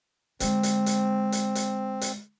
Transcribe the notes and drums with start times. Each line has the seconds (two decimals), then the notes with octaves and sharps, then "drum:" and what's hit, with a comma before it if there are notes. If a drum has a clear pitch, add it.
0.40 D3 G#3 C4, drum: hi-hat
0.63 drum: hi-hat
0.86 drum: hi-hat
1.32 drum: hi-hat
1.55 drum: hi-hat
2.01 drum: hi-hat